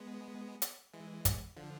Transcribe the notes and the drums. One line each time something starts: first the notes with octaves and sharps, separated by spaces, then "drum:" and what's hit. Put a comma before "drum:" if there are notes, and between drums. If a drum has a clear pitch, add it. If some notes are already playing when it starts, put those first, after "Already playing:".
Already playing: G#3 B3
drum: hi-hat
E3 G#3
drum: kick, hi-hat
D3 F3